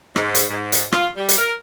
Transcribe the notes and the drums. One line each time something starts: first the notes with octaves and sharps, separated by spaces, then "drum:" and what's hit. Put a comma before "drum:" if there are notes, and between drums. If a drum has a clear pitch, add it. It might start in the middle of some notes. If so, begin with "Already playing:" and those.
G#2, drum: rim click
drum: hi-hat
G#2
drum: hi-hat
F4, drum: rim click
G3
drum: hi-hat
A#4